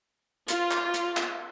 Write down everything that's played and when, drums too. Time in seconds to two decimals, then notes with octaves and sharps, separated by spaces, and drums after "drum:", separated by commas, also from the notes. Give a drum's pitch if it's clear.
0.48 F4, drum: hi-hat
0.71 drum: clap
0.94 drum: hi-hat
1.17 drum: clap